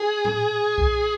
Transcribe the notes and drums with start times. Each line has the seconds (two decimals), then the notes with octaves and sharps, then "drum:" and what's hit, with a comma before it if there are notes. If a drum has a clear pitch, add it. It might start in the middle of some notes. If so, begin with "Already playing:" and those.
Already playing: G#4
0.25 drum: tom A2
0.78 drum: kick B1